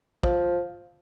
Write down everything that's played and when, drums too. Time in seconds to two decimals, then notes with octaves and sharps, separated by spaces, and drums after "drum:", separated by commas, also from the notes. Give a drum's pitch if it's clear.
0.23 F3, drum: kick